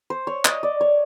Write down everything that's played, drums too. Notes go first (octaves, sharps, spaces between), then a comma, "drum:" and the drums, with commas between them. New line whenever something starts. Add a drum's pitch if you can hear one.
C5
C#5
D#5, drum: clap
D5
C#5